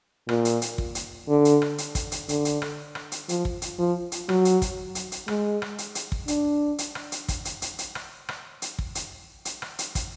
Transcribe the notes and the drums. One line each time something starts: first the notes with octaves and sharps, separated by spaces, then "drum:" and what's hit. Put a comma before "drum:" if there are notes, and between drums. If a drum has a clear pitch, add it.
A#2, drum: rim click
drum: hi-hat
drum: hi-hat
drum: kick
drum: hi-hat
D3
drum: hi-hat
drum: rim click
drum: hi-hat
drum: kick, hi-hat
drum: hi-hat
D3, drum: hi-hat
drum: hi-hat
drum: rim click
drum: rim click
drum: hi-hat
F3, drum: hi-hat
drum: kick
drum: hi-hat
F3
drum: hi-hat
F#3, drum: rim click
drum: hi-hat
drum: kick, hi-hat
drum: hi-hat
drum: hi-hat
G#3, drum: rim click
drum: rim click
drum: hi-hat
drum: hi-hat
drum: kick
D4, drum: hi-hat
drum: hi-hat
drum: rim click
drum: hi-hat
drum: kick, hi-hat
drum: hi-hat
drum: hi-hat
drum: hi-hat
drum: rim click
drum: rim click
drum: hi-hat
drum: kick
drum: hi-hat
drum: hi-hat
drum: rim click
drum: hi-hat
drum: kick, hi-hat